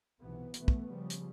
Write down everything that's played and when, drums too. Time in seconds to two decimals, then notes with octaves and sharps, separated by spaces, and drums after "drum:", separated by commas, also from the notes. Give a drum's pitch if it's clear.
0.21 B1 C3 E3 B3
0.54 B2 E3 A3 B3, drum: hi-hat
0.68 drum: kick
0.89 C#3 F3 G3
1.10 drum: hi-hat